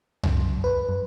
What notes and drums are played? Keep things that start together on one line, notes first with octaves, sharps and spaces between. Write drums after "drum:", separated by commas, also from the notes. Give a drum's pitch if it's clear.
F#2, drum: tom C2
B4
F#2